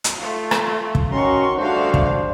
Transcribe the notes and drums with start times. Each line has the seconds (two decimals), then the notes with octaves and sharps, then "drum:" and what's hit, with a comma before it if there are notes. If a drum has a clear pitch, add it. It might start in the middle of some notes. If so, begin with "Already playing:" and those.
0.04 drum: hi-hat
0.16 A3 F4
0.51 drum: rim click
0.95 drum: kick
1.12 D#3 C#4 F#4 A#5 C6 C#6
1.57 D2 G3 D4 F#4 C5 F5
1.94 drum: kick